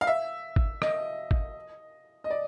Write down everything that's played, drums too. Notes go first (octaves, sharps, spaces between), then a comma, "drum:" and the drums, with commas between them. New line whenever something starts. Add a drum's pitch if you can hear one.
F5
E5
drum: kick
D#5, drum: rim click
drum: kick
D#5
D5